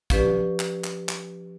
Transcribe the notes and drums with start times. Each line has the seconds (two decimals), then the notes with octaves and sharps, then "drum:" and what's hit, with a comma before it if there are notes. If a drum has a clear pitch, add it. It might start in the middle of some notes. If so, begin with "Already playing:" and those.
0.10 F3 C#4 G4 B4 D5, drum: kick, hi-hat
0.60 drum: clap
0.84 drum: clap
1.09 drum: clap